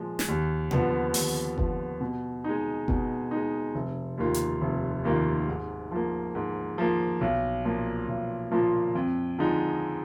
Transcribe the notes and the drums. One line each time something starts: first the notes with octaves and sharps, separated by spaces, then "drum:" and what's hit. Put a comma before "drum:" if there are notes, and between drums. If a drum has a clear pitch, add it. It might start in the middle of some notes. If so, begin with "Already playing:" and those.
Already playing: A#2 F3 G#3
drum: snare
D#2
D3 F3 B3, drum: tom B2
D#2, drum: open hi-hat
D3 F3 B3, drum: kick F#1
B2
G#3 D#4
B2, drum: kick F#1
G#3 D#4
F1
D#2 D#3 A#3 F4
drum: hi-hat
F1
D#2 D#3 A#3 F4
G#2
F3 A#3
G#2
F3 A#3
B1
A#2 F3 A#3 F4
B1
A#2 F3 A#3 F4
F2
D3 F3 G#3 D#4